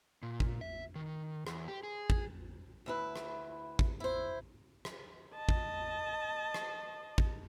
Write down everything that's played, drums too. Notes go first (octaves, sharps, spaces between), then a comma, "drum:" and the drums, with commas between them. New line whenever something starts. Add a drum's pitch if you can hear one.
A#2
drum: kick
E5
D#3
E2, drum: rim click
G4
G#4
drum: kick
D2 E4 B4
drum: rim click
drum: kick
E4 C5
drum: rim click
D#5 A5
drum: kick
drum: rim click
drum: kick